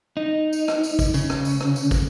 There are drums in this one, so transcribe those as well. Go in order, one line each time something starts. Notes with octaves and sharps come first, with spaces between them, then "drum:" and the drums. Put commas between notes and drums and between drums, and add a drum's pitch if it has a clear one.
D#4
drum: tambourine
drum: rim click
drum: tambourine
drum: kick, tambourine
C#3, drum: tambourine
drum: rim click
drum: tambourine
drum: rim click
drum: tambourine
drum: kick, tambourine